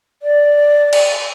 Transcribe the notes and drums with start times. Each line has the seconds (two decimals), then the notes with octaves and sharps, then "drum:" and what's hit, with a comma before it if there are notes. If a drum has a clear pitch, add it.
0.22 D5
0.93 drum: cymbal